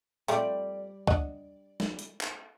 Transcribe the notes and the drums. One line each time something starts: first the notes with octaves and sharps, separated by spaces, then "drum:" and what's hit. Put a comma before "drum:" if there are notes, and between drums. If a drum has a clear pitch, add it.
F3 G3 A3 C4 D5, drum: hi-hat
D4 D#5 F#5, drum: kick C#2
drum: snare
drum: hi-hat
drum: clap